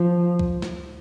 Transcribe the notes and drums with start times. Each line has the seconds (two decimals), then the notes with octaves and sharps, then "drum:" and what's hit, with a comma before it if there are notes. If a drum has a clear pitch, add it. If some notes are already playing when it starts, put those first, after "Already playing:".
Already playing: F3
0.39 drum: kick C2
0.62 drum: snare